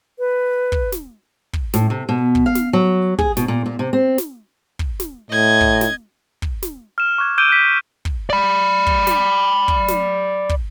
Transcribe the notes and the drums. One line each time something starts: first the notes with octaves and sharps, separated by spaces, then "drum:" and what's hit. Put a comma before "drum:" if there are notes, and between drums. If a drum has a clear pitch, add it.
B4
drum: kick
drum: snare
drum: kick
A2, drum: snare
C3
B2
drum: kick
F5
drum: snare
F#3
G#4, drum: kick
B2, drum: snare
A#2
A#2
C3
C4
drum: snare
drum: kick
drum: snare
A2 D#5 G#6
drum: kick
drum: snare
drum: kick
drum: snare
F6 E7
C#6 D6 F#6 G#6
D6 E6 G6 D7 D#7 G7
F#6 B6
drum: kick
D5 B5
drum: kick
drum: snare
drum: kick
drum: snare
drum: kick